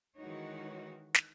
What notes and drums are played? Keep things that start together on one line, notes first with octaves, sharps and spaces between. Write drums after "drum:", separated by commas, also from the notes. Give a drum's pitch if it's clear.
D#3 E3 G#3 D#4 F#4 C#5
drum: snare